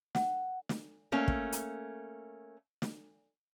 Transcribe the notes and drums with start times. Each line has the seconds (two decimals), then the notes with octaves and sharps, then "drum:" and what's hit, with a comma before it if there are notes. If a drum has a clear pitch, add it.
0.15 F#5, drum: snare
0.69 drum: snare
1.12 A3 A#3 C#4
1.28 drum: kick
1.52 drum: hi-hat
2.82 drum: snare